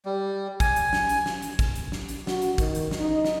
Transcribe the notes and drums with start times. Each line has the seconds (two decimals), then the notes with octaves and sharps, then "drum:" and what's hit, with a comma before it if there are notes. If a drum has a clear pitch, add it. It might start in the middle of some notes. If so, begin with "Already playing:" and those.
0.05 G3
0.60 G#5, drum: kick, hi-hat
0.76 drum: hi-hat
0.93 drum: snare
1.09 drum: hi-hat
1.26 drum: snare
1.42 drum: hi-hat
1.59 drum: kick, hi-hat
1.76 drum: hi-hat
1.92 drum: snare
2.09 drum: hi-hat
2.27 F#4, drum: snare
2.42 drum: hi-hat
2.58 D#3, drum: kick, hi-hat
2.75 drum: hi-hat
2.91 drum: snare
3.01 D#4
3.24 drum: snare